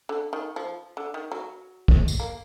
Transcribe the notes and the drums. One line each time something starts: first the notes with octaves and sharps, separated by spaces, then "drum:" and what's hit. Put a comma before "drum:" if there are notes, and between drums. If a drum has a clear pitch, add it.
D3
D#3
F3
D3
D#3
F#3
drum: kick
drum: tambourine
A#3